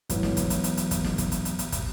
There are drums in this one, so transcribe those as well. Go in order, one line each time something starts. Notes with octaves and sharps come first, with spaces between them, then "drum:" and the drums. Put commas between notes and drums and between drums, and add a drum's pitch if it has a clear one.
G#2 E3 F#3 B3, drum: kick, hi-hat
drum: snare
drum: kick, hi-hat
drum: hi-hat
drum: hi-hat
drum: hi-hat
drum: kick, hi-hat
drum: snare
drum: kick, hi-hat
drum: hi-hat
drum: hi-hat
drum: hi-hat
drum: kick, hi-hat